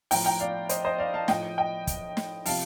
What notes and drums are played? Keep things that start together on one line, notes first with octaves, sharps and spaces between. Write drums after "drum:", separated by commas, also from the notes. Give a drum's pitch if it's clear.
A2 F3 G5 A#5, drum: open hi-hat
G5 A#5
D5 F5
C5 D#5, drum: hi-hat
C5 D#5
D5 F5
F5 A5
A2 F3 D#5 G5, drum: snare
D#5 G5
drum: kick, hi-hat
drum: snare
C3 F3 F5 A5, drum: open hi-hat